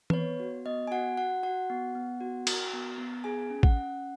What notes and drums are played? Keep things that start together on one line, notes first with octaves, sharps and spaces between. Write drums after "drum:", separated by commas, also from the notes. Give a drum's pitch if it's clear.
B4, drum: tom E3
B3 C#5
F#4
B3 D#5
G#5
F#4 F#5
F#4 F#5
F#4 F#5
B3
B3
F#4
F#4, drum: cymbal
B3
B3
G#4 G#5
C#4
F#5, drum: kick A1
C#4